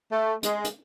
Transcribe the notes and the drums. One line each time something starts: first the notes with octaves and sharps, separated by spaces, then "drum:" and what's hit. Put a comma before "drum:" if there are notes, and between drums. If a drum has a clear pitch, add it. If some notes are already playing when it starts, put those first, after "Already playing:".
A3
G#3, drum: hi-hat
drum: hi-hat